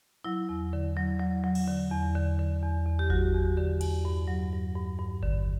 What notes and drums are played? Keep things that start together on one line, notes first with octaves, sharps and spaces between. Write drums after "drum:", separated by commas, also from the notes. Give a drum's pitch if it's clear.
F#3 E4
E2
D3
F#3
F#3
F#3
drum: cymbal
D3
E2
D3
D3
E2
E2
G4
F#3 F#4, drum: kick G#1
E2
D3 G4
E2, drum: cymbal
G2
F#3
G2
G2
G2
D3, drum: kick G#1